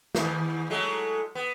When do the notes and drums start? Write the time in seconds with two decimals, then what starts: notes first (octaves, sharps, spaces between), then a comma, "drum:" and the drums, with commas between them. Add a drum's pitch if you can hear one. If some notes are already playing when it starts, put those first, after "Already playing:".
0.15 D#2 E3, drum: snare
0.70 F#3 G#3 A3
1.35 B3